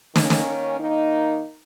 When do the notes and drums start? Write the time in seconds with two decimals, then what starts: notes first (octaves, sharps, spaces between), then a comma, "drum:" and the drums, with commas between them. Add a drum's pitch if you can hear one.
0.16 D#3 A#3 C#4, drum: snare
0.30 drum: snare
0.79 D#3 A#3 D#4